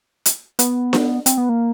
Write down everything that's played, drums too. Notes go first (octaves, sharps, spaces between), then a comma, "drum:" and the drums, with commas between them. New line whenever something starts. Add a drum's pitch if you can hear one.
drum: hi-hat
B3, drum: hi-hat
drum: snare D4
C4, drum: hi-hat
B3
A#3